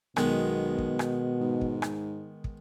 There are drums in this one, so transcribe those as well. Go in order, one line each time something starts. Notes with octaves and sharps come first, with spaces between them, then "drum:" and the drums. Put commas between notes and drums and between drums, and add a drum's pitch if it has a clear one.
B1 B2 D#3 G#3 B3, drum: rim click
drum: kick
drum: rim click
G#2
drum: kick
drum: rim click
drum: kick